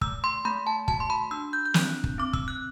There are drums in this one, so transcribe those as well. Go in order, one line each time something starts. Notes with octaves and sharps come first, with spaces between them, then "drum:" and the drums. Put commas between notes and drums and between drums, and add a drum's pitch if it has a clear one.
A3 E6, drum: kick
C6
A3 B5
A5
F#4 A5, drum: kick
C6
B5
D4 E6
G6
G6
C4 F#6, drum: snare
drum: kick
C4 D6
E6, drum: kick
F#6